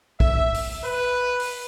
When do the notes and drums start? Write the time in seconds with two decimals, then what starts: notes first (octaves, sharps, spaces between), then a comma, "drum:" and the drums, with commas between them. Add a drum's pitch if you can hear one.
0.20 E5, drum: kick
0.54 drum: open hi-hat
0.84 B4
1.40 drum: open hi-hat